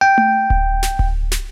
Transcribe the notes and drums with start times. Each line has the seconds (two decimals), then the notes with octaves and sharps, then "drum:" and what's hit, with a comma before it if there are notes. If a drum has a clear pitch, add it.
0.01 G5
0.18 drum: tom A3
0.50 drum: kick D1
0.83 drum: snare
0.99 drum: kick D1
1.32 drum: snare